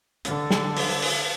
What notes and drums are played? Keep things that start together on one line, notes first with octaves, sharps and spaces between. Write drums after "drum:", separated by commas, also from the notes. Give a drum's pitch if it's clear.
D3, drum: hi-hat
drum: snare
drum: open hi-hat
drum: open hi-hat